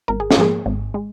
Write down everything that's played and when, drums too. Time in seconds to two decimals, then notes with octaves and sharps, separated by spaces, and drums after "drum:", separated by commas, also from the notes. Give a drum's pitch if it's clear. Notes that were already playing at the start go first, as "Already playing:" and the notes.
0.08 G#1 A#4
0.20 G#4
0.31 F4, drum: snare
0.36 G#2 F3 A#3 G#4
0.66 G#1
0.94 G#3